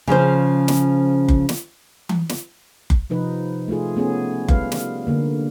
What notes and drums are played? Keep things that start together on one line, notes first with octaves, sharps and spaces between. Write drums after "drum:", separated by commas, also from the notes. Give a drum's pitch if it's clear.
C#3 F3 C#4 C5
drum: snare
drum: kick F#1
drum: snare
drum: tom E3
drum: snare
drum: kick F#1
C3 F3 D#4 B4
A3 D#4 F4 G#4
A3 B3 C#4 G#4
G3 B4 F5, drum: kick F#1
drum: snare
D3 A#3